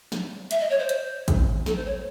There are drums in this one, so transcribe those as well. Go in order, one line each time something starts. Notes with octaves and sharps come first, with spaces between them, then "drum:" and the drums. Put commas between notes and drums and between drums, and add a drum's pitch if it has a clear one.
drum: snare
E5, drum: hi-hat
D#5
C#5
C5
drum: hi-hat
drum: kick G#1, hi-hat
A4, drum: snare
C5
C#5